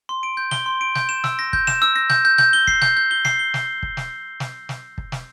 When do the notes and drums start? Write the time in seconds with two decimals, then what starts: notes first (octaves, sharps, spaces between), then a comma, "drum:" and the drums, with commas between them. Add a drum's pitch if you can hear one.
0.09 C6
0.23 D7
0.37 G6
0.51 G7, drum: snare
0.66 C6
0.81 D7
0.95 G6, drum: snare
1.09 E7
1.24 E6, drum: snare
1.39 A#6
1.53 G6, drum: kick
1.67 E7, drum: snare
1.82 E6
1.96 A#6
2.10 G6, drum: snare
2.25 G6
2.38 G6, drum: snare
2.53 G7
2.67 C7, drum: kick
2.82 G6, drum: snare
2.97 G6
3.11 G7
3.25 C7, drum: snare
3.39 G7
3.54 drum: snare
3.83 drum: kick
3.97 drum: snare
4.40 drum: snare
4.69 drum: snare
4.98 drum: kick
5.12 drum: snare